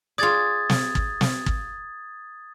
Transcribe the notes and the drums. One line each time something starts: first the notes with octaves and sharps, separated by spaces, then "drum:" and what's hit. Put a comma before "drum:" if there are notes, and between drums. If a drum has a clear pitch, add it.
F4 G#4 D5 D#6 G#6 A6
drum: snare
drum: kick
drum: snare
drum: kick